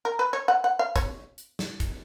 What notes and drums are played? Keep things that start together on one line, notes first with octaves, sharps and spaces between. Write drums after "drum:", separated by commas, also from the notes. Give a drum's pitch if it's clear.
A#4
B4
C#5
F#5
F#5
F5
C#5, drum: kick, hi-hat
drum: hi-hat
drum: snare
drum: kick, hi-hat